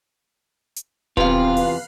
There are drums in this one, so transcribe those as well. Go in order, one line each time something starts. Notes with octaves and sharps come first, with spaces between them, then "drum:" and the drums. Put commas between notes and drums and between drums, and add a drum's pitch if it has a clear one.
drum: hi-hat
E2 C3 C4 F4 B4 F5, drum: kick D#1
drum: open hi-hat